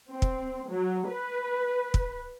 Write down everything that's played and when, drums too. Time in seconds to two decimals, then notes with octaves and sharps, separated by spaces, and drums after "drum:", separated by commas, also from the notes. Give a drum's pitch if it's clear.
0.10 C4
0.22 drum: kick
0.70 F#3
1.08 B4
1.94 drum: kick